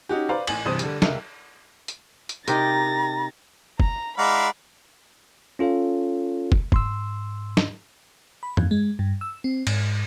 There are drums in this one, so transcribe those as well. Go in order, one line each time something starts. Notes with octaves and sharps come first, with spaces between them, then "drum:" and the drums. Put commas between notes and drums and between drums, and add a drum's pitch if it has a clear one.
C#4 D#4 F#4 G4
B4 C5 D5 F5 A#5
A1 G#5 F#7, drum: cymbal
C2 G2 E3 C5 D#6 D#7
D3 G3, drum: hi-hat
F1 C#2 A#4 E5, drum: snare
drum: hi-hat
drum: hi-hat
C3 D#4 G4 A#4 A#5 A6 A#6, drum: hi-hat
A#5, drum: kick
G#3 E4 D5 F5 F#5 A#5 B5
C#4 F4 A4 C#5 F5
drum: kick
G#2 C6 E6, drum: kick
drum: snare
B5
F2, drum: tom G2
G#3
G2
E6
C4
G#2, drum: cymbal